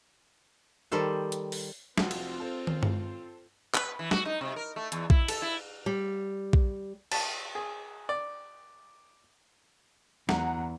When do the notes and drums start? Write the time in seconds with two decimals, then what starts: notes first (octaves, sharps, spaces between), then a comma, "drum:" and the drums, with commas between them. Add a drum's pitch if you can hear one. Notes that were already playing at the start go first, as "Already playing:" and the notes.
0.92 D#3 G3 G4 A4 C5
1.32 drum: hi-hat
1.52 drum: open hi-hat
1.98 F1 F2 C4 F4 F#4, drum: snare
2.11 drum: cymbal
2.40 A4 C5
2.67 drum: tom
2.83 drum: tom G2
3.75 B4, drum: clap
3.99 E3
4.11 F#4, drum: snare
4.25 D#4
4.41 C3
4.56 A#4
4.76 A3
4.92 E2, drum: hi-hat
5.10 E4, drum: kick A#1
5.28 A4, drum: cymbal
5.42 E4
5.86 G3
6.53 drum: kick A#1
7.12 A5, drum: cymbal
7.55 G#4
8.09 D5
10.29 E2 F#5 A#5, drum: snare